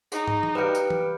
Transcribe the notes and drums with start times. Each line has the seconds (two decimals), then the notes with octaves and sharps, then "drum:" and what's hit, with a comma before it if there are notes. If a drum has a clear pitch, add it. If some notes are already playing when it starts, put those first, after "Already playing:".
0.12 D#4 G#4, drum: tambourine
0.27 drum: tom
0.43 drum: tom
0.55 G3 B4 F5 G5 F#6 C#7
0.75 drum: tambourine
0.90 drum: tom E3